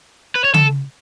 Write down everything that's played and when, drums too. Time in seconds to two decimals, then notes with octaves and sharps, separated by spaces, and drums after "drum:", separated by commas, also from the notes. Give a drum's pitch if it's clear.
0.35 B4
0.44 C#5
0.54 A4, drum: tom C#3